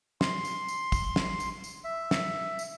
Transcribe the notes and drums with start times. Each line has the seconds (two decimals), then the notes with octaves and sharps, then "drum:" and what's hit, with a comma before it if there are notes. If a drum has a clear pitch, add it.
0.21 C6, drum: snare
0.45 drum: tambourine
0.68 drum: tambourine
0.92 drum: kick, tambourine
1.16 drum: snare
1.40 drum: tambourine
1.64 drum: tambourine
1.84 E5
2.11 drum: snare
2.59 drum: tambourine